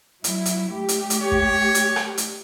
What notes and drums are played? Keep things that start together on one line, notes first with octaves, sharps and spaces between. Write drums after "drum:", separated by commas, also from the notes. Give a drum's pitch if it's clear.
F#3 E4, drum: hi-hat
drum: hi-hat
A3 G4
drum: hi-hat
drum: hi-hat
C#5
drum: kick
drum: hi-hat
drum: rim click
drum: hi-hat